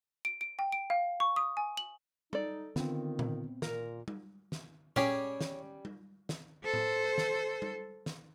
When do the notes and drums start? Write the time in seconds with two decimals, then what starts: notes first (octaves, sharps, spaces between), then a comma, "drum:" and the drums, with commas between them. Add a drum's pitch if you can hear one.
0.25 D7
0.41 D7
0.59 G5
0.72 D7
0.90 F5
1.20 C#6
1.36 D#6
1.57 G#5
1.77 F#7
2.33 D#4 A4 D5, drum: tom G3
2.76 D3 D#3 B3 C4 F4, drum: snare
3.19 drum: tom A#2
3.62 A#2 F4 A#4, drum: snare
4.08 drum: tom G3
4.52 drum: snare
4.96 G3 C#4 G4 G#4 C#5, drum: tom A#2
5.41 drum: snare
5.85 drum: tom G3
6.29 drum: snare
6.64 A4 C5
6.73 drum: tom A2
7.18 drum: snare
7.62 drum: tom G3
8.06 drum: snare